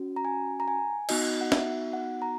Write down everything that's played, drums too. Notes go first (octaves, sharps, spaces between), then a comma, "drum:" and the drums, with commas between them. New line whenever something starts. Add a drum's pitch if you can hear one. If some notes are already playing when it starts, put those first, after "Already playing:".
Already playing: C#4 F#4
A#5
G#5
A#5
G#5
B3 D#4 F#4 D#5, drum: cymbal
F#5
E5, drum: snare
F#5
A#5